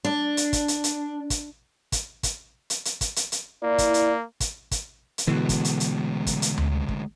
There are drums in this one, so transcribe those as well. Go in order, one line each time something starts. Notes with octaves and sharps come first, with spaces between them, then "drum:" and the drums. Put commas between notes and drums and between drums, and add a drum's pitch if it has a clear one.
D4
drum: hi-hat
drum: kick, hi-hat
drum: hi-hat
drum: hi-hat
drum: kick, hi-hat
drum: kick, hi-hat
drum: kick, hi-hat
drum: hi-hat
drum: hi-hat
drum: kick, hi-hat
drum: hi-hat
drum: hi-hat
A#3 E4 D5
drum: kick, hi-hat
drum: hi-hat
drum: kick, hi-hat
drum: kick, hi-hat
drum: hi-hat
D2 B2 D3 E3 G#3 F#4
drum: kick, hi-hat
drum: hi-hat
drum: hi-hat
drum: kick, hi-hat
drum: hi-hat
drum: tom D2
drum: kick